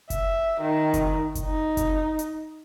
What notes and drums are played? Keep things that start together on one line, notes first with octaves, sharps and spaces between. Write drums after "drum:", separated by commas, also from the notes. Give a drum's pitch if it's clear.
E5, drum: kick F#1, hi-hat
D#3
drum: kick F#1, hi-hat
drum: kick F#1, hi-hat
D#4
drum: kick F#1, hi-hat
drum: hi-hat